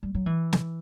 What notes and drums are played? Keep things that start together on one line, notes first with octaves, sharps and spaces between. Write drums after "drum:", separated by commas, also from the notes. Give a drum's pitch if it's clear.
G3
F#3
E3
drum: snare